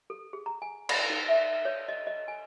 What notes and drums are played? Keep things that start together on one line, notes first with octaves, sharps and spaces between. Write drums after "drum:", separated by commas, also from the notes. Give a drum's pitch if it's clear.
A4
G#4
A#5
G#5
B5, drum: cymbal
D#4
E5
C#5
D#5
D#5
G#5